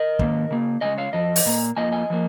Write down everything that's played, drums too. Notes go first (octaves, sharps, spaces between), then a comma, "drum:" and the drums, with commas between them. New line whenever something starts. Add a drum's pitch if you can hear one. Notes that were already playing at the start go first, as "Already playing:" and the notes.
Already playing: A#4 D#5
G#2 D#3 A#3, drum: kick
C#3 A#3
C#3 G#3 D#5 G#5
C#5 F5
F2 F3 D#5
drum: open hi-hat
A#2 A#3
F2 F3 A#3 D#5 G#5
D#5 G#5
F3 A#3